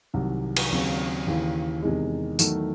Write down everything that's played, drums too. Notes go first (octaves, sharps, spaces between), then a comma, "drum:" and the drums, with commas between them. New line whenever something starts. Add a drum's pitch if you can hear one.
C2 C3 D#3 F#3
drum: cymbal
D#2 C#3 F#3 C4
D#2 C#3 E3
E2 C3 D#3 G#3
E2 D#3 F#3 A3, drum: tambourine